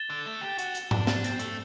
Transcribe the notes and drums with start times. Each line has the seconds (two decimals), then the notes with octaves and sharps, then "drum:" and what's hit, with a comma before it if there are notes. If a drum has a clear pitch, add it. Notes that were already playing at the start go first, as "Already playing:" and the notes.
Already playing: A6 E7 G7
0.10 D3
0.26 A3
0.41 G4
0.59 F#4, drum: hi-hat
0.75 drum: hi-hat
0.91 D4, drum: tom G#2
1.07 D4, drum: snare
1.24 C4, drum: hi-hat
1.39 A3, drum: hi-hat